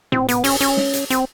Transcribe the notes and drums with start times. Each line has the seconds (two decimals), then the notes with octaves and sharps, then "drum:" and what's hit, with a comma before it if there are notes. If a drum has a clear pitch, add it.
0.12 C4, drum: tom A2
0.29 B3, drum: hi-hat
0.44 C#4, drum: open hi-hat
0.61 C#4, drum: hi-hat
0.77 drum: snare
0.93 drum: hi-hat
1.10 C4, drum: hi-hat